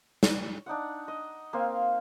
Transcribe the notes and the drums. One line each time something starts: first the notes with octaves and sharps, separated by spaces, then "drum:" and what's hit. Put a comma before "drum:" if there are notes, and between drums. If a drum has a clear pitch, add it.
C#5, drum: snare
D4 D#4 D5 F#5
D#5
A#3 C4 F5